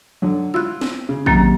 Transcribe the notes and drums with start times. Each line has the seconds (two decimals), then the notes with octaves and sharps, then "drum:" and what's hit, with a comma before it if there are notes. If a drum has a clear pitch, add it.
0.22 D3 F#3
0.54 E4 F4 E6 F#6
0.81 drum: snare
1.09 C#3
1.26 C3 D#3 F#3 A#3 A#5, drum: kick